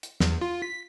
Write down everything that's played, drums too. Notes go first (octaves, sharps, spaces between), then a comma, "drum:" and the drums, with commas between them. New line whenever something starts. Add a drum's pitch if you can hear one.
drum: hi-hat
E2, drum: snare
F4
B6